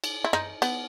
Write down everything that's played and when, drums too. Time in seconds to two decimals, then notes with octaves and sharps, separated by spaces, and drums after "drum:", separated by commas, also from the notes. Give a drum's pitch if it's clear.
0.04 drum: cymbal
0.24 E4
0.33 D#4, drum: rim click
0.62 B3, drum: cymbal